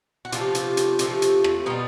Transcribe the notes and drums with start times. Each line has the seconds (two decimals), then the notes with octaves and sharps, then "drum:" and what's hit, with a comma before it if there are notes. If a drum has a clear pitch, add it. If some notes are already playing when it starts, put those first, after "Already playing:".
0.25 F#4
0.32 C3 F3 A3 F4 G4, drum: hi-hat
0.55 drum: hi-hat
0.77 drum: hi-hat
0.99 C3 F3 A3, drum: hi-hat
1.22 drum: hi-hat
1.44 drum: rim click
1.66 B2 G3 D#4 F4